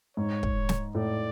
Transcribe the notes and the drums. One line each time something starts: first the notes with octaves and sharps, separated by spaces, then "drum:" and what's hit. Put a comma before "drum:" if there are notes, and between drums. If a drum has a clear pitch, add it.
G#2 C#5
drum: kick
drum: snare
A2 D5